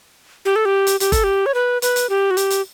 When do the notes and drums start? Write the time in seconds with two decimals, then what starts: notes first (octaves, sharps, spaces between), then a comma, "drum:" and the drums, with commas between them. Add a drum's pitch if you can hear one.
0.45 G4
0.56 A4
0.65 G4
0.87 drum: hi-hat
1.00 G4, drum: hi-hat
1.12 A4, drum: kick G1, hi-hat
1.24 G4
1.46 C#5
1.54 B4
1.82 B4, drum: hi-hat
1.96 drum: hi-hat
2.10 G4
2.31 F#4
2.37 G4, drum: hi-hat
2.50 drum: hi-hat